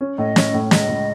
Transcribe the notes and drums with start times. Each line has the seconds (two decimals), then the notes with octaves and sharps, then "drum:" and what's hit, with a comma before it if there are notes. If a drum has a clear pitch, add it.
0.01 C#4
0.18 A2 D#5
0.36 C#4, drum: snare
0.54 A2
0.71 C#2 D#5, drum: snare
0.89 C#2